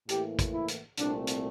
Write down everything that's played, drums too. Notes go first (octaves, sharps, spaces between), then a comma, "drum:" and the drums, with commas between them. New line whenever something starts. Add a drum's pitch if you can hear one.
A2 E3 A#3 G4, drum: hi-hat
drum: kick, hi-hat
E4
drum: hi-hat
C2 A#2 A3 C4 D4, drum: hi-hat
drum: hi-hat